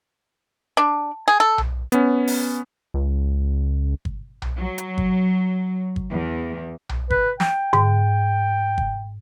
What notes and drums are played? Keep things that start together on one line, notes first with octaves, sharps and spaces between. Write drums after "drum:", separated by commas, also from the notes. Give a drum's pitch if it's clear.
D4
G#4
A4
drum: tom B1
B3 C#4, drum: hi-hat
drum: open hi-hat
C#2
drum: kick G1
drum: tom B1
F#3
drum: hi-hat
drum: kick G1
drum: kick G1
E2
drum: tom B1
B4, drum: kick G1
G5, drum: snare
G#2, drum: tom D3
drum: kick G1